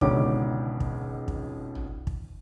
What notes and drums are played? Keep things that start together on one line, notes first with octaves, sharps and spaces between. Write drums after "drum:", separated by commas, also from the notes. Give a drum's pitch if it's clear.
G#1 C#2 B2 D3 C#4 D6, drum: kick
drum: kick
drum: kick
drum: tom
drum: kick